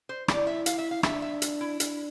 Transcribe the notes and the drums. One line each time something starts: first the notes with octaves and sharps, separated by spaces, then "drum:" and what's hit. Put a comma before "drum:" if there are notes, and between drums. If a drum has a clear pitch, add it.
C5
E4 D5, drum: rim click
E5
F5, drum: hi-hat
E5
F5
D4 E5, drum: rim click
E5
drum: hi-hat
E4
D4, drum: hi-hat